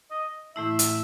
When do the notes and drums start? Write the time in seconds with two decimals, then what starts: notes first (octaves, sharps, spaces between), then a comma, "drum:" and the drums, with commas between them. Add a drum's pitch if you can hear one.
0.11 D#5
0.56 A2 E3 A3 E4 E5
0.79 drum: hi-hat